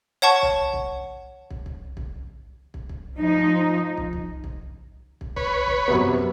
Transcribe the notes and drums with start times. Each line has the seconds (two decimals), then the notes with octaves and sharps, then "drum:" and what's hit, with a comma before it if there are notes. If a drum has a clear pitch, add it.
0.22 C#5 F#5 A5 C#6
0.42 drum: kick
0.73 drum: kick
1.50 drum: kick
1.66 drum: kick
1.97 drum: kick
2.74 drum: kick
2.89 drum: kick
3.17 F3 D#4
3.97 drum: kick
4.13 drum: kick
4.44 drum: kick
5.21 drum: kick
5.36 B4 C#5, drum: kick
5.67 drum: kick
5.88 F#2 C3 B3